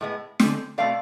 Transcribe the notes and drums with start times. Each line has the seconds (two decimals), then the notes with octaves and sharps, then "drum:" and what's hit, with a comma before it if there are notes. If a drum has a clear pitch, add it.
0.01 A2 G#3 B3
0.40 D3 G#3 C4, drum: snare
0.78 B2 A3 C4 D5 F5